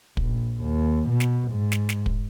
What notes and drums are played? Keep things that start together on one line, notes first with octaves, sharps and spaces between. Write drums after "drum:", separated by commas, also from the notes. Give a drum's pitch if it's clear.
A#1, drum: kick
D#2
B2
drum: snare
G#2
drum: snare
drum: snare
drum: kick